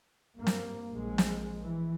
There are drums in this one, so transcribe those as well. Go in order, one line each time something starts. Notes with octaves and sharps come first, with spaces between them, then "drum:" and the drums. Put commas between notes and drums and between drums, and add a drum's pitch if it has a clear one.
G2 A#3
drum: snare
A#1 G#3
drum: snare
E3